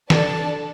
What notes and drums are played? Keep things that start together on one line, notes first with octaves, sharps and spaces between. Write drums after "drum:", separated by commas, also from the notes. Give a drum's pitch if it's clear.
D4 A4 A5, drum: snare